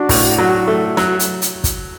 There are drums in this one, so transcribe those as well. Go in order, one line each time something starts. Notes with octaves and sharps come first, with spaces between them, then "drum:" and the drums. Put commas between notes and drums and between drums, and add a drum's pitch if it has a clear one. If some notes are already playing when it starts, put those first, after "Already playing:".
Already playing: D4 F#4
A2, drum: kick, open hi-hat
F#3
A3
F#3, drum: snare
drum: hi-hat
drum: hi-hat
drum: kick, hi-hat